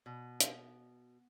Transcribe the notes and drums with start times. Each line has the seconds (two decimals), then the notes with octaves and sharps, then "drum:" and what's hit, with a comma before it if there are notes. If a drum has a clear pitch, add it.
0.06 B2
0.40 drum: hi-hat